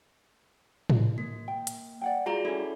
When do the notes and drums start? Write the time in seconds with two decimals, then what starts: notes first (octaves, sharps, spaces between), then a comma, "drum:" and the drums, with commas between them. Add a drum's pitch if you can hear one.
0.90 drum: tom A2
1.18 A#3
1.48 G5
1.67 drum: hi-hat
2.01 D5 F#5 G5
2.26 F4 F#4 G#4 D5 A#5
2.45 C#4 E4 A4